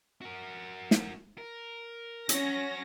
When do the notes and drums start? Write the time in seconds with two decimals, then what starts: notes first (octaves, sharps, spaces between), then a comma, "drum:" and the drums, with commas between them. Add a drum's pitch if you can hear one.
0.21 F#4 A#4
0.91 drum: snare
1.38 A#4
2.29 C#4 F#4 C#5 A#6, drum: hi-hat